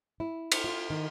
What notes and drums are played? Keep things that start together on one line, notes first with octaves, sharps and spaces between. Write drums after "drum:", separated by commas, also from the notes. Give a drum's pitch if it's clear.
E4
drum: cymbal
F4
D#3